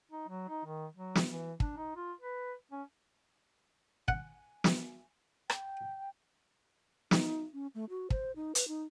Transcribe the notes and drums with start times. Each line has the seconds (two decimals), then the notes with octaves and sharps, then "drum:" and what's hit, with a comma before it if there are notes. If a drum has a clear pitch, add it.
0.11 D#4
0.28 F#3
0.48 D#4
0.65 D#3
0.95 F#3
1.15 drum: snare
1.27 E3
1.60 D4, drum: kick
1.77 D#4
1.96 F4
2.21 B4
2.71 C#4
4.08 F#5 G#5, drum: kick
4.64 drum: snare
5.50 G5, drum: rim click
7.11 D#4, drum: snare
7.53 C#4
7.75 A3
7.90 F#4
8.10 C5, drum: kick
8.36 D#4
8.55 B4, drum: hi-hat
8.68 D#4